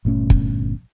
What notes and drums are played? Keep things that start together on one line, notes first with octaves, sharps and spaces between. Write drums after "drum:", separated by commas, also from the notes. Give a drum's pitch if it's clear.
G1 A#2 A3 C#4
drum: kick